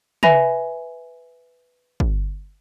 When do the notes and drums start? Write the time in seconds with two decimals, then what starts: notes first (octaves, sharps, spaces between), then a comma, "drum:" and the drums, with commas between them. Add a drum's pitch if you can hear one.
0.23 B4 E5 G#5 B5 A#6 F7, drum: tom
2.00 drum: kick